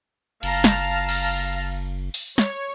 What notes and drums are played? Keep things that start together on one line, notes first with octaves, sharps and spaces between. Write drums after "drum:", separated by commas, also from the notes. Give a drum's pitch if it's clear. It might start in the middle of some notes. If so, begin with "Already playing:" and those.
F#1 F5 A5 A#5, drum: cymbal
drum: snare
drum: cymbal
drum: open hi-hat
C#5, drum: snare